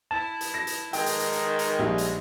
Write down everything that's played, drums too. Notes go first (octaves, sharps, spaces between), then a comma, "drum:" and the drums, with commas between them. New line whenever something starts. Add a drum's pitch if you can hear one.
E4 A5
drum: hi-hat
A#6
drum: hi-hat
D#3 G#3 G5, drum: hi-hat
drum: hi-hat
drum: hi-hat
drum: hi-hat
drum: hi-hat
A#1 G3 D#4
drum: hi-hat